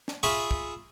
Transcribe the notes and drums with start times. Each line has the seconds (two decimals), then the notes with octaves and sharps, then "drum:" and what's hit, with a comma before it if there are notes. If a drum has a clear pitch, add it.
0.08 drum: snare
0.23 F4 G#4 E5 B5 C#6
0.51 drum: kick